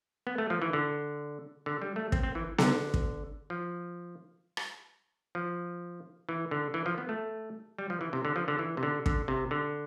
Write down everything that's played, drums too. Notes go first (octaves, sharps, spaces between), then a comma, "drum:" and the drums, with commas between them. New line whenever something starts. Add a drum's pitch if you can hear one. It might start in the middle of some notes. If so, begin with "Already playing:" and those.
B3
A3
F3
E3
D3
D3
G3
A3
C4, drum: kick
C4
E3
D3, drum: snare B3
drum: kick
F3
drum: rim click
F3
E3
D3
E3
F3
B3
A3
G3
F3
E3
C3
D3
F3
D3
E3
C3
D3
D3, drum: kick
C3
D3